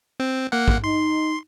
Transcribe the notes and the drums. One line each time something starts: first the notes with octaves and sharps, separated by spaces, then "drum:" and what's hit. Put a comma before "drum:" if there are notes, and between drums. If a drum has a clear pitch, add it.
C4
A#3 F#5
drum: kick
D#4 C6